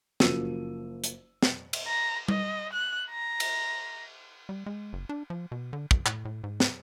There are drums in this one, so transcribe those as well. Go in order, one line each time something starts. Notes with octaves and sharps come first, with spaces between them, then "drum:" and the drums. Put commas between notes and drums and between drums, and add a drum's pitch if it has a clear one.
F#1 F3 A#3 F#4 E6 D#7, drum: snare
drum: hi-hat
drum: snare
drum: cymbal
A#5
D#5, drum: tom G3
F#6
A#5
drum: cymbal
G3
G#3
F#1
D4
F3
B2
D3
C#2, drum: kick
A2, drum: clap
A2
G#2
drum: snare